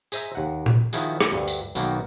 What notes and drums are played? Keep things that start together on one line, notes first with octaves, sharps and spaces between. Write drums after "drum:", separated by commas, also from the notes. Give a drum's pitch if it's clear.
G#4 C5 D#5 E5 A#5, drum: tambourine
D#2 F#5
drum: tom A#2
D#3 F3 E4 F#4 G#4, drum: tambourine
drum: rim click
D2 G2
drum: tambourine
B1 B2 D#3 A#3 F#4 G5, drum: tambourine